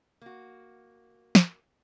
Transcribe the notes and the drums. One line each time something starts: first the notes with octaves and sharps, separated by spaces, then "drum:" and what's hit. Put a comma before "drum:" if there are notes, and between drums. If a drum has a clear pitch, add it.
A#3 F#4
drum: snare